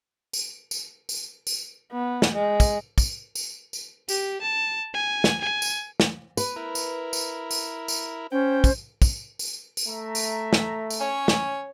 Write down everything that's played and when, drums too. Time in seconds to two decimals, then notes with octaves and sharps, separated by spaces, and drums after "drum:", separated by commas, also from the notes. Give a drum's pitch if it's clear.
0.33 drum: tambourine
0.71 drum: tambourine
1.09 drum: tambourine
1.47 drum: tambourine
1.92 B3
2.22 drum: snare
2.33 G#3
2.60 drum: kick, tambourine
2.98 drum: kick, tambourine
3.35 drum: tambourine
3.73 drum: tambourine
4.08 G4, drum: tambourine
4.41 A5
4.94 G#5
5.24 drum: snare
5.41 G#5
5.62 drum: tambourine
6.00 drum: snare
6.37 B4, drum: tambourine
6.56 E4 A#4
6.75 drum: tambourine
7.13 drum: tambourine
7.51 drum: tambourine
7.88 drum: tambourine
8.32 C#4 C5 G5
8.64 drum: kick, tambourine
9.02 drum: kick, tambourine
9.39 drum: tambourine
9.77 drum: tambourine
9.88 A3 E5 A#5
10.15 drum: tambourine
10.53 drum: snare
10.90 drum: tambourine
11.00 C#4 C#5
11.28 drum: snare